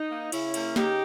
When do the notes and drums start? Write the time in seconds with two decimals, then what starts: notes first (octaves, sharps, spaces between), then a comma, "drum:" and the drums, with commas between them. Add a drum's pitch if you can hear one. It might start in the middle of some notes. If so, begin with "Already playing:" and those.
Already playing: D#4
0.11 A#3
0.32 C#3 C#4 E4, drum: cymbal
0.54 A#3, drum: cymbal
0.76 C#3 D#4 G4, drum: snare